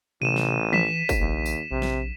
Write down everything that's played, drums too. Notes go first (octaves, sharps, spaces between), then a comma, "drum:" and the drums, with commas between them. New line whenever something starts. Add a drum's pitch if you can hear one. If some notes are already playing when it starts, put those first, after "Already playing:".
A1 C3 D#7 E7
drum: snare
E3 B6 E7, drum: tom E3
drum: kick, tambourine
A#1 D#2
drum: tambourine
A#1 C3
drum: snare